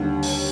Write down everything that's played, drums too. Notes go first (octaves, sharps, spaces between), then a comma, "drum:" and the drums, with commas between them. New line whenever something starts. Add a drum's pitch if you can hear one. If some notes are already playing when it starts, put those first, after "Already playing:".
Already playing: D#2 D3 G3
drum: open hi-hat